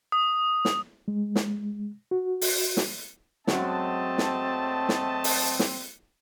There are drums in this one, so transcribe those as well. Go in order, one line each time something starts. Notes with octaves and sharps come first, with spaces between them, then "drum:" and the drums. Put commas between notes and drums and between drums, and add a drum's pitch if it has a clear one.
D#6
drum: snare
G#3
drum: snare
F#4
drum: open hi-hat
drum: snare
F#2 F#3 G#3 A3 C4 D#5 A5, drum: snare
drum: snare
drum: snare
drum: open hi-hat
drum: snare